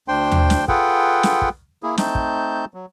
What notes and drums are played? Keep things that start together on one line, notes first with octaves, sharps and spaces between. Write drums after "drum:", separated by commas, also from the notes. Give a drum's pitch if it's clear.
D2 D4 C5 G5 C6
drum: tom D#2
drum: snare
F4 G#4 A4 B4 F#5 G5, drum: kick
drum: snare
drum: kick
A#3 E4 G#4
A3 C4 D#4 A5 G6, drum: snare
drum: kick
F#3